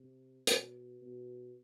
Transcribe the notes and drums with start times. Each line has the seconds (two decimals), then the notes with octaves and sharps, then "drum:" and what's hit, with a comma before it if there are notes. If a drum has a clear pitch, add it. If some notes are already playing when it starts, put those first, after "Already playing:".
Already playing: C3
0.47 B2, drum: hi-hat
1.01 B2